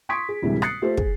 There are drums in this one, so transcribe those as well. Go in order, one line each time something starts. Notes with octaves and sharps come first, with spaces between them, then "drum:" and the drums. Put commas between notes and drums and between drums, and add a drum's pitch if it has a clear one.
C6 C#6 D#6 G#6 B6 D7
G#4
D2 A2 C3 E3 G3 G#3
D#6 F#6 A6 C7 C#7, drum: rim click
A3 F4 G4 A4 C5
G#4, drum: kick